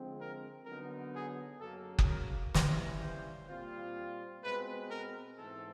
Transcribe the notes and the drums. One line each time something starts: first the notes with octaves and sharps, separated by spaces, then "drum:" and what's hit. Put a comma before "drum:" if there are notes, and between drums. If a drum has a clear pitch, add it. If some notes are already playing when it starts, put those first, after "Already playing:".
Already playing: D3 F3 G#3 C4
A#4
D3 F#3 B3 D#4 A#4
G#4
F#2 C#3 F#3 A#3 A4
drum: kick F#1
A#4
C3 E3 G3 A#3 C#4 C5, drum: snare
C5
A#2 G3 C4 F4
B2 G#3 C4 B4
A#4
G#2 E3 A3 C4 A4